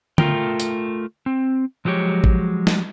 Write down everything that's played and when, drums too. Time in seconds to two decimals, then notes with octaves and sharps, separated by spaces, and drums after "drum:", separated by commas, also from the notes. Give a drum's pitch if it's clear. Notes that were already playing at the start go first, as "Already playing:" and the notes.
0.18 A3 F4 A#4 G5, drum: tom D3
0.60 drum: hi-hat
1.26 C4
1.85 F3 F#3 G#3 G4 C#5
2.24 drum: kick
2.67 drum: snare